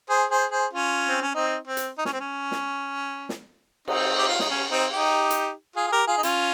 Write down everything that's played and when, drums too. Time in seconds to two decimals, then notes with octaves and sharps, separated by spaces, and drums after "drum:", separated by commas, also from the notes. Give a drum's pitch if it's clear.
0.10 G#4 C5
0.30 G#4 C5
0.51 G#4 C5
0.73 C#4 F4
1.08 C4
1.21 C#4
1.35 C4 D#4
1.67 C4
1.77 drum: hi-hat
1.98 D#4
2.05 C#4, drum: snare
2.13 C4
2.20 C#4
2.51 drum: snare
3.29 drum: snare
3.88 C4 D#4, drum: cymbal
4.18 G4
4.28 F4
4.39 D#4, drum: snare
4.50 C#4
4.70 C4 D#4
4.92 D#4 G4
5.30 drum: hi-hat
5.76 F4 G#4
5.88 G#4
5.91 G4 A#4
6.07 F4 G#4
6.18 D#4
6.23 C#4 F4, drum: hi-hat